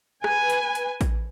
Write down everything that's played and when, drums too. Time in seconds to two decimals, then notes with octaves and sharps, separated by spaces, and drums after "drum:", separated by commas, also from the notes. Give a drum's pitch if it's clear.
0.24 B4 G#5, drum: rim click
0.50 drum: hi-hat
0.75 drum: hi-hat
1.01 drum: kick A1, hi-hat